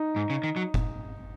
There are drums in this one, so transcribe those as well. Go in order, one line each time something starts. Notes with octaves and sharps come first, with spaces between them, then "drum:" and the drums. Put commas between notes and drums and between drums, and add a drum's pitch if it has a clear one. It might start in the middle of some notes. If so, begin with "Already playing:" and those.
Already playing: D#4
G#2
C#3
D#3
F#3
drum: kick F1